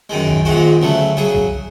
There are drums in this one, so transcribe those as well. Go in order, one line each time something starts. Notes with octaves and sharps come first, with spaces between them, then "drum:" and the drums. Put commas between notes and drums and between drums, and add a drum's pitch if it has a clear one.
F#2 D#3 G#3
drum: kick
A#1 G#2 D#3 G#3 F#4
D2 C#3 F#3 A3
C#3 F#3 G#4
drum: kick